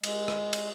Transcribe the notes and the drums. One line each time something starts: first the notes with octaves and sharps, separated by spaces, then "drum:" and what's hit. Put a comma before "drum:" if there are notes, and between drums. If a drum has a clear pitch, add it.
G#3, drum: cymbal
drum: rim click
drum: cymbal